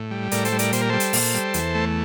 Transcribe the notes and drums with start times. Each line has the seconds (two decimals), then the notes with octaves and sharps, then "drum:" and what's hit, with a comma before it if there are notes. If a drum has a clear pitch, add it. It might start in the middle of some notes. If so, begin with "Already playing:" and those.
Already playing: A2
0.11 G3
0.31 A2 A#4 D5, drum: hi-hat
0.45 A4 C5, drum: hi-hat
0.52 G3
0.59 A#4 D5, drum: hi-hat
0.73 A#2 C5, drum: hi-hat
0.81 A#4
0.89 G3 A4 C5
1.00 drum: hi-hat
1.13 A#2, drum: open hi-hat
1.34 G3
1.54 E2, drum: hi-hat
1.75 A3